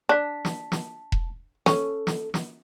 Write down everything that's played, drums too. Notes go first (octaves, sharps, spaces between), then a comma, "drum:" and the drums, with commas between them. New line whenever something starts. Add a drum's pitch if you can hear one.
D4 A5 B6
drum: snare
drum: snare
drum: kick E1
C#4 A4, drum: snare
drum: snare
drum: snare